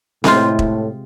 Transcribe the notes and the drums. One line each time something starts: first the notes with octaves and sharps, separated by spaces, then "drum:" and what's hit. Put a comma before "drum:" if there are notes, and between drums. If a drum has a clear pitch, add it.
A2 C3 G#3 C4 F4, drum: snare C4
drum: kick E1